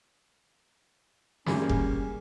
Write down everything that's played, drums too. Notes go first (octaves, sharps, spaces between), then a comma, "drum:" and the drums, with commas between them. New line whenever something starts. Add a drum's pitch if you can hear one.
G2 G3 A#3 C#4 G#4, drum: snare
drum: kick F1